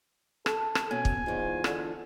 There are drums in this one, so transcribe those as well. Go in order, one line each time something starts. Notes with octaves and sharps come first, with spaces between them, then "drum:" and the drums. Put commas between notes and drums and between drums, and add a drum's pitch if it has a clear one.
A4, drum: rim click
drum: rim click
B2 C#4 G#5
drum: kick
E2 G#2 F4
D3, drum: rim click